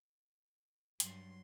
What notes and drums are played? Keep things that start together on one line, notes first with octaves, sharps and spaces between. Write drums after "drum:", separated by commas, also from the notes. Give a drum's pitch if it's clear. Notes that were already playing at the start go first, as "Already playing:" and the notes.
G2 F#3 C6, drum: hi-hat